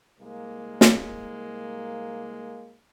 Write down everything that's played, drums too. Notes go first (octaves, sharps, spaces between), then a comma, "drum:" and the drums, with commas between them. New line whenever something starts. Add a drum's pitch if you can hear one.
C2 G#3 A#3
drum: snare